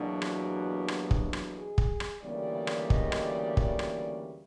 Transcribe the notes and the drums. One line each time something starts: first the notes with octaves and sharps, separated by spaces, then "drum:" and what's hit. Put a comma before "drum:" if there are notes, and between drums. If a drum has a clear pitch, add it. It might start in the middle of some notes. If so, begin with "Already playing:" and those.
Already playing: E2 B2 F#3 A#3 D4
G4, drum: rim click
drum: rim click
drum: kick
drum: rim click
G#4
drum: kick
drum: rim click
D2 C#3 E3 G3 A#3 D5
drum: rim click
D#5, drum: kick
drum: rim click
D5
D5, drum: kick
drum: rim click